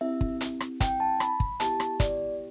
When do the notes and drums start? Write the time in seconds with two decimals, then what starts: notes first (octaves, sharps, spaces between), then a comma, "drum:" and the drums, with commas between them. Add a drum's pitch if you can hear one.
0.01 C4 E4 G4 E5
0.21 drum: kick
0.41 drum: hi-hat
0.60 drum: rim click
0.80 G5, drum: kick, hi-hat
1.00 A5
1.20 B5, drum: rim click
1.40 drum: kick
1.60 B3 E4 G4 A5, drum: hi-hat
1.80 drum: rim click
2.00 D5, drum: kick, hi-hat